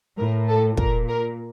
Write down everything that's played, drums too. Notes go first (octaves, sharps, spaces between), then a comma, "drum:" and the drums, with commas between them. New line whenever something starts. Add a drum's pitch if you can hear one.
A2 A#4
A4
A#2 A#4, drum: kick
A#4